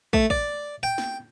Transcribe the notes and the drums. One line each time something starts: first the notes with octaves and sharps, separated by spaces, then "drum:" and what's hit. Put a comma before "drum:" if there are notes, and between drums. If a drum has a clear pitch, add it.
A3, drum: kick
D5, drum: kick
G5
drum: snare